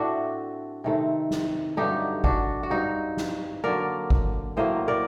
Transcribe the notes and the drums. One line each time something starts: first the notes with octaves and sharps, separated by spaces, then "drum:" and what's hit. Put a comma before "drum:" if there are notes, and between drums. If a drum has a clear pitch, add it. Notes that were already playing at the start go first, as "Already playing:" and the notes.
Already playing: A2 A3 C4 D4 F#4
C3 D#3 A3 C4
drum: snare
G2 D3 F#3 A3 D#4 G4
D4 F#4, drum: kick G#1
F#4
G2 F#3 C4 D#4
drum: snare
D3 F#3 A#3 A#4 D5
drum: kick G#1
A2 F#3 A#3 C5 D#5
A#4 D5